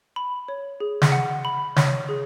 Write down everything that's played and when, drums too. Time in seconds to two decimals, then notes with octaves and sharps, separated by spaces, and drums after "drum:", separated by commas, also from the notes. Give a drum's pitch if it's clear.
0.16 B5
0.48 C#5
0.80 G#4
1.02 drum: snare
1.12 F#5
1.45 B5
1.76 C#5, drum: snare
2.09 G#4